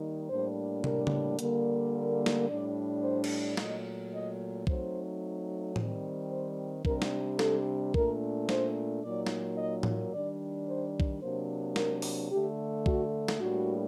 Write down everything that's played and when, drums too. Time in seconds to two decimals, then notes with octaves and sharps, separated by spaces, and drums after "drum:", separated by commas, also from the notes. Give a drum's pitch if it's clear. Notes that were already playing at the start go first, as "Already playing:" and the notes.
Already playing: D#3 G3 A#3 D#4
0.30 A2 G3 A#3 D4 C5
0.84 A#4, drum: tom
1.07 drum: tom C#3
1.39 D3 G3 A#3, drum: hi-hat
2.26 drum: snare
2.48 A2 G3 D4 D5
3.03 C5
3.24 drum: cymbal
3.57 A#2 F#3 A3 D#5, drum: snare
4.13 D#5
4.67 F#3 A3 C4 D#4 C5, drum: kick B1
5.76 D#3 G3 C4, drum: tom A2
6.31 C5
6.85 C3 G3 D4 A#4, drum: kick B1
7.02 drum: snare
7.39 A4, drum: snare
7.94 A#2 A3 D4 A#4, drum: kick B1
8.49 C5, drum: snare
9.03 A#2 F#3 A#3 D#4 D5
9.26 drum: snare
9.58 D#5
9.83 drum: tom A2
10.13 D#3 G3 D4 D5
10.67 C5
11.00 drum: kick B1
11.22 C3 F#3 A#3 D4 C5
11.76 A#4, drum: snare
12.02 drum: open hi-hat
12.31 D3 A3 D4 G4
12.86 F#4, drum: kick B1
13.28 drum: snare
13.41 A2 G3 A#3 D4 F#4